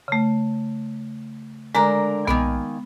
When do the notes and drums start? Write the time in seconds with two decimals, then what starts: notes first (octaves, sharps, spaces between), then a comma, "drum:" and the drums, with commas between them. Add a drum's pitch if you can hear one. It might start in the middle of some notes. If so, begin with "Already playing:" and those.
0.08 C#3 A3
1.75 D3 G#3 A#4 A#5
2.27 D#3 A#3 B3 G#5, drum: tom B1